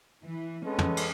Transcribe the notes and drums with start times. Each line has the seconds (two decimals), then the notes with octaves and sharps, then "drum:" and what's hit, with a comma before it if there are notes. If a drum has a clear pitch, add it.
0.23 E3
0.65 G#3 B3 C#4 A4
0.78 drum: tom
0.97 drum: cymbal